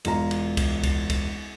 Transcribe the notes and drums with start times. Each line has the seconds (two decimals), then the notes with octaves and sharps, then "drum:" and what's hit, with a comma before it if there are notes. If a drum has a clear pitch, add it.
0.05 E1 F4 A#5, drum: cymbal
0.31 drum: cymbal
0.57 drum: kick C#2, cymbal
0.83 drum: kick C#2, cymbal
1.10 drum: kick C#2, cymbal